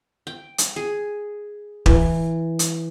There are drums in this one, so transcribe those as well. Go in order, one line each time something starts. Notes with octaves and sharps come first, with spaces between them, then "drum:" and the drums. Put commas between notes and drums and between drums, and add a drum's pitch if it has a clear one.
G5
drum: hi-hat
G#4
E3, drum: kick
drum: hi-hat